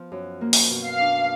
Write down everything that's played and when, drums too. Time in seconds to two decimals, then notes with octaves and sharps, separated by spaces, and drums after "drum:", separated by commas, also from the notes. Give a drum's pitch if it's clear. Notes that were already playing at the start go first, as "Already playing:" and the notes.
Already playing: F3 B3
0.12 F#2
0.41 A#3
0.53 drum: open hi-hat
0.71 B2
0.86 F5
1.00 D4